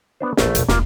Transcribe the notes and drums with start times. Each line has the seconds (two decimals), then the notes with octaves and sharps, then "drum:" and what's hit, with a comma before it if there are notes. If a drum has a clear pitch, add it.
0.20 B3 D4 C5
0.37 A#1 F#3 A3 D4, drum: snare
0.55 E2 B2, drum: hi-hat
0.68 E1 D2 A#3 F4, drum: snare